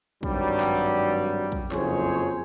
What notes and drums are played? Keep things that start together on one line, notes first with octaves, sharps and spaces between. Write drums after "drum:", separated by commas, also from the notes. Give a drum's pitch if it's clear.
G#1 G2 F#3 G3, drum: kick
drum: clap
drum: kick
F#1 F2 G#4 C5 C#5, drum: clap